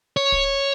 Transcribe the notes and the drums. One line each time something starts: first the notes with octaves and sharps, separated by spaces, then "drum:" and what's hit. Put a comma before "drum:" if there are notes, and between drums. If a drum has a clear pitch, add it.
C#5
drum: kick